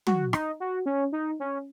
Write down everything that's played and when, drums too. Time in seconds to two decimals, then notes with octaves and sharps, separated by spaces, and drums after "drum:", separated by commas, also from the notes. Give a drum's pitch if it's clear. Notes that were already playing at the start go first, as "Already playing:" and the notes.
0.07 F#4, drum: tom
0.33 D#4, drum: rim click
0.60 F#4
0.86 C#4
1.12 D#4
1.40 C#4